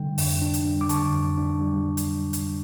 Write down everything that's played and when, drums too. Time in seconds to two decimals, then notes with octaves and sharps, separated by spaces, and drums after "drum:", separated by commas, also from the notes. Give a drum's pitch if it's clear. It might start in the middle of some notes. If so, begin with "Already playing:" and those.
Already playing: D3 G3 D4 G5
0.18 F2, drum: open hi-hat
0.42 D4
0.54 drum: hi-hat
0.65 G3
0.81 D6
0.89 D3 A5 C#6, drum: hi-hat
1.13 F2
1.38 D4
1.61 G3
1.97 drum: hi-hat
2.33 drum: hi-hat